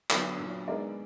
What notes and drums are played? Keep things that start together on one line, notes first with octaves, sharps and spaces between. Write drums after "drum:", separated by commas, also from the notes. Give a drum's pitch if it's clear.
D3 F#3 B3 D4 B4, drum: clap
A#2 F#3 D4
D#3 G#3 B3 A#4 D5